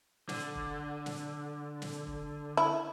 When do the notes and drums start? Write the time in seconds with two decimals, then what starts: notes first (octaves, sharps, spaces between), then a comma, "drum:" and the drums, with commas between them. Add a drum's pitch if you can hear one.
0.29 D3, drum: snare
0.55 drum: kick F1
1.06 drum: snare
1.82 drum: snare
2.07 drum: kick F1
2.57 E4